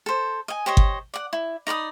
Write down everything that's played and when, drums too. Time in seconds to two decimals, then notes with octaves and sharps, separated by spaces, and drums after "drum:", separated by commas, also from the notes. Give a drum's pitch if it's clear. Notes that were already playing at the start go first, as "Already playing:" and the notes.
0.06 A4 C5
0.48 D#5 G#5
0.66 G4 C5 C#5 D#5
0.77 drum: kick G1
1.14 D5 F#5
1.33 E4
1.67 D#4 D5 B5 D#6